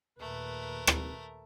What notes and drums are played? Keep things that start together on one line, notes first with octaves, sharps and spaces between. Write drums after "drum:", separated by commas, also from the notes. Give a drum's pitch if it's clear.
D#2 A#2 A3 A#4 B4
drum: rim click